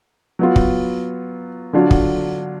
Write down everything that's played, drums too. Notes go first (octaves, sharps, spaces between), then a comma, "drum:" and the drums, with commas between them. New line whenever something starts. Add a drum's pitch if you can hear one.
F#3 B3 F4
drum: kick
D3 F#3 D4 F4
drum: kick